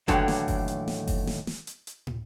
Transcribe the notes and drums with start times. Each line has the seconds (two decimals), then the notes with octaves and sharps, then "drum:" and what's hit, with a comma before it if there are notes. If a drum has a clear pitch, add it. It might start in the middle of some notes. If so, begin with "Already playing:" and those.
0.08 D#2 A2 D3 E3 F#3 D4, drum: kick F#1, hi-hat
0.28 drum: snare
0.48 drum: kick F#1, open hi-hat
0.68 drum: hi-hat
0.88 drum: snare
1.07 drum: kick F#1, open hi-hat
1.27 drum: snare
1.47 drum: snare
1.67 drum: hi-hat
1.87 drum: hi-hat
2.07 drum: tom